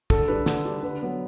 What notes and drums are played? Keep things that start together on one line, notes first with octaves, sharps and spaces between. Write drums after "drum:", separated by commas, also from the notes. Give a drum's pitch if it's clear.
D3 A4, drum: kick
G3 D4 B4
D3, drum: snare
G3 D4
D3 B4
F#3 B3